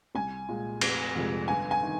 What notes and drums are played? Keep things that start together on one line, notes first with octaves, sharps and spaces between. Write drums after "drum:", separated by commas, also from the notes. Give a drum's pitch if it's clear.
C2 G#5
A#2 G#3
F1, drum: cymbal
F2 C3 F3 G#3
G1 G#5
G#5
D#3